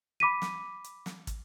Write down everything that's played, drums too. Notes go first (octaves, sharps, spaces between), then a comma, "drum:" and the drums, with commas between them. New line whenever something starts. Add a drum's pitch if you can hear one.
B5 D6 B6 D#7
drum: snare
drum: hi-hat
drum: snare
drum: kick, hi-hat